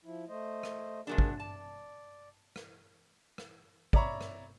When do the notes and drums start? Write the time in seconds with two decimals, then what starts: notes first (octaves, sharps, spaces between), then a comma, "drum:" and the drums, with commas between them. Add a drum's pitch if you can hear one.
0.05 F3 E4
0.29 A3 C5 D#5
0.63 drum: rim click
1.07 C3 F#3 A#3 D4 G#4 A#4
1.18 drum: kick
1.40 D5 A5
2.56 drum: rim click
3.38 drum: rim click
3.93 C#5 D5 E5 A#5 B5 C#6, drum: kick
4.21 drum: rim click